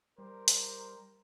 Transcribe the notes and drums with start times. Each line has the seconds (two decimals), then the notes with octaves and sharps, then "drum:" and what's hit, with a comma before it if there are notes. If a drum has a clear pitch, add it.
0.18 G3 G4 A#4 C5
0.48 drum: hi-hat